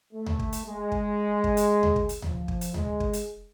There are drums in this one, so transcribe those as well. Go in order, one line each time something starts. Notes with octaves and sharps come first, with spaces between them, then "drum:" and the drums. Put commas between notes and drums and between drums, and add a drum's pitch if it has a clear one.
A3
drum: tom D2
drum: kick
drum: hi-hat
G#3
drum: kick
drum: kick
drum: hi-hat
drum: tom D2
drum: kick
drum: hi-hat
F3, drum: tom D2
drum: kick
drum: hi-hat
G#3, drum: tom D2
drum: kick
drum: hi-hat